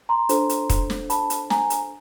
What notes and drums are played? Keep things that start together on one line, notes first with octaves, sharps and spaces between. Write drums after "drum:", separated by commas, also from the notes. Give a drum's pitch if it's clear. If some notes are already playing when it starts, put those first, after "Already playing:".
A#5 C6
D4 F4 A4 C5, drum: hi-hat
drum: hi-hat
drum: kick, hi-hat
drum: snare
A5 B5, drum: hi-hat
drum: hi-hat
G#5 A#5, drum: snare
drum: hi-hat